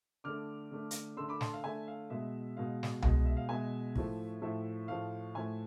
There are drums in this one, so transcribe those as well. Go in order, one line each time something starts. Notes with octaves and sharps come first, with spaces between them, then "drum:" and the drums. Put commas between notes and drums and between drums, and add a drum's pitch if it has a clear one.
D3 A3 D6 F6
D3 A3
drum: hi-hat
D3 A3 C6 E6
B5 D6
A5 C6, drum: snare
F5
D3 A3 E5 G#5
F5
B2 G#3 E5
B2 G#3 F5
drum: snare
B2 G#3, drum: tom C2
E5
F5
B2 G#3 E5 G#5
A2 F3 A3, drum: kick
A2 F3 A3 E5
A2 F3 A3 F5
A2 F3 A3 E5 G#5